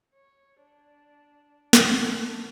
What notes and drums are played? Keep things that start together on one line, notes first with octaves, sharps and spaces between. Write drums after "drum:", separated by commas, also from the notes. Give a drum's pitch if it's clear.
C#5
D4
drum: snare
A5